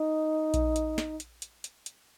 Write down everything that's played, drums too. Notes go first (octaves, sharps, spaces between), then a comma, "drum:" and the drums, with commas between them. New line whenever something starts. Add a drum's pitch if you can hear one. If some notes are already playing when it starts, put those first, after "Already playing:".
Already playing: D#4
drum: kick A#1, hi-hat
drum: hi-hat
drum: snare
drum: hi-hat
drum: hi-hat
drum: hi-hat
drum: hi-hat